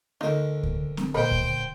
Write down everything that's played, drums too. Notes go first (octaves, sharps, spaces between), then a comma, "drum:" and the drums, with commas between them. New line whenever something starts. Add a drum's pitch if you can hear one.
D2 D3 D#4 F4 A#4
drum: kick C#2
drum: snare
A#2 G#3 A#3 B4 C5 D#5 G5
drum: kick C#2